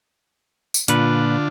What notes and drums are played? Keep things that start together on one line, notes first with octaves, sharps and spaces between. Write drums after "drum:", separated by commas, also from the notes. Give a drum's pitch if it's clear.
drum: tambourine
A#2 D3 D4 F4 B4, drum: hi-hat